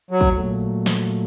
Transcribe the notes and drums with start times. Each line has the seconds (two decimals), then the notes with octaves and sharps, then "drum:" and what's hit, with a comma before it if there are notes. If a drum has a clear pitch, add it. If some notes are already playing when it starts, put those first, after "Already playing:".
0.11 F#3
0.21 drum: kick
0.37 A#2 F#3 A3
0.86 drum: snare